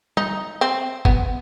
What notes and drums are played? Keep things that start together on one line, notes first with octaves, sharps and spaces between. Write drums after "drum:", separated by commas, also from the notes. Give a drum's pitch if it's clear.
D#4, drum: tom
C4
B3, drum: kick